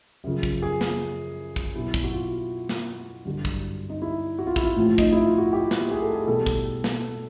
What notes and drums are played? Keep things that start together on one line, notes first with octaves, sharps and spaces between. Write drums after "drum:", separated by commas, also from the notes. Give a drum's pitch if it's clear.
F#2 C#3 F3
drum: kick
G#4
drum: snare
drum: kick
B2 F#3 E4
drum: kick
F#4
F4
drum: snare
G2 D3 F#3
drum: kick
D#4
E4
F#4
F4
E4, drum: kick
F4
A2 F3
D#4, drum: kick
E4
F4
F#4
G4
drum: snare
G#4
A4
G#4
B2 G3 A4
drum: kick
drum: snare